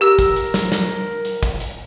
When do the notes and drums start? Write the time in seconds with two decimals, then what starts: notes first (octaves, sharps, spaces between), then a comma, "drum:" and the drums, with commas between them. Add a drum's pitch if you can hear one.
0.01 G4 A#4 E6
0.19 drum: kick, hi-hat
0.36 drum: hi-hat
0.54 drum: snare
0.72 drum: snare
1.25 drum: hi-hat
1.43 drum: kick, hi-hat
1.60 drum: hi-hat